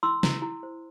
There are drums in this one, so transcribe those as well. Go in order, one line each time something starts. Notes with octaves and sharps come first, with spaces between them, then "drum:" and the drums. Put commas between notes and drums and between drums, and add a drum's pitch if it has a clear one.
E4 C6 E6
E4, drum: snare
E4
C5